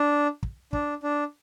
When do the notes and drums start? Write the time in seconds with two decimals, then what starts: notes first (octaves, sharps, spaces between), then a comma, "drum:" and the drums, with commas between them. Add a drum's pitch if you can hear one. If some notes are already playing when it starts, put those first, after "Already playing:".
Already playing: D4
0.43 drum: kick
0.73 D4, drum: kick
1.03 D4